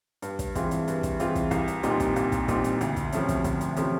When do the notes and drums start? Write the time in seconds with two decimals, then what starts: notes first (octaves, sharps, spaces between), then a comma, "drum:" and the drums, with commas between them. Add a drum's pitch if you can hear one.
0.22 G2, drum: hi-hat
0.39 drum: kick, hi-hat
0.55 E3 G#3 C4 F4, drum: kick, hi-hat
0.71 drum: hi-hat
0.88 G2, drum: hi-hat
1.03 drum: kick, hi-hat
1.20 E3 G#3 C4 F4, drum: hi-hat
1.35 drum: kick, hi-hat
1.51 C2, drum: kick, hi-hat
1.68 drum: hi-hat
1.83 A#2 G3 C4 D#4, drum: hi-hat
2.00 drum: kick, hi-hat
2.16 C2, drum: hi-hat
2.32 drum: kick, hi-hat
2.48 A#2 G3 C4 D#4, drum: kick, hi-hat
2.64 drum: hi-hat
2.81 D2, drum: hi-hat
2.96 drum: kick, hi-hat
3.12 C3 F3 A3 C#4, drum: hi-hat
3.29 drum: kick, hi-hat
3.44 D2, drum: kick, hi-hat
3.61 drum: hi-hat
3.76 C3 F3 A3 C#4, drum: hi-hat